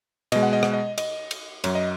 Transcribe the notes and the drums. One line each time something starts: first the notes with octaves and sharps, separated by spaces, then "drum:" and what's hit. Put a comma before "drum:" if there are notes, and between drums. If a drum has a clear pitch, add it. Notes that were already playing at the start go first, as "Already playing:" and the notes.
B2 G#3 D#5, drum: cymbal
F#5
D#5
F#5, drum: rim click
D#5
D#5, drum: cymbal
drum: cymbal
F#2 F#3 C#5, drum: cymbal
D#5